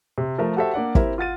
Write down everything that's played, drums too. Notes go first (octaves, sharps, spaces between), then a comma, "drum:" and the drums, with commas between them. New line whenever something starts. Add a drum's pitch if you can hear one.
C3
F3 A3 A#4 E5 A#5
F#4 G4 A4 C5 E5
A#3 D4 D5 F#5
C4 E4 G4 A#4 E5, drum: kick
F4 F#5 A6 D#7